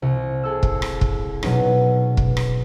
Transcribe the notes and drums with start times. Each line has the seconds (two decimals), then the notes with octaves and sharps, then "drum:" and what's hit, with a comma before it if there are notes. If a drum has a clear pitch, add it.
0.02 C2
0.43 G#4 A4 E6
0.63 drum: kick
0.82 drum: rim click
1.01 drum: kick
1.43 B2 F#3 B3 C#4 D#4, drum: rim click
2.17 drum: kick
2.37 drum: rim click